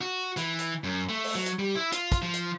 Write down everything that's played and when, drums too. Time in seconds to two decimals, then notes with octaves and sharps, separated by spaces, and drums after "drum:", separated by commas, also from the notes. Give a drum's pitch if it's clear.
0.01 F#4
0.37 E3, drum: hi-hat
0.59 drum: hi-hat
0.84 F#2
1.09 A3
1.24 drum: open hi-hat
1.35 F#3
1.46 drum: hi-hat
1.59 G3
1.75 E4
1.92 F4, drum: hi-hat
2.12 drum: kick, hi-hat
2.22 F3
2.34 drum: hi-hat